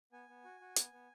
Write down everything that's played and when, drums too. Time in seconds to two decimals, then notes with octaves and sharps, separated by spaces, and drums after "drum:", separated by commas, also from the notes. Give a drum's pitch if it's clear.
0.12 B3 G#5
0.29 B3
0.44 F#4
0.60 F#4
0.76 B3, drum: hi-hat
0.93 B3